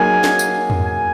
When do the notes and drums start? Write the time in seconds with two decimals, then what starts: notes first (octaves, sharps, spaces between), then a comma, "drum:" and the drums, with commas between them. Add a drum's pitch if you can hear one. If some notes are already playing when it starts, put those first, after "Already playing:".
Already playing: F#3 A#3 D#4 G#4 G#5
0.24 drum: snare
0.39 drum: tambourine
0.70 drum: tom E2
0.86 G#5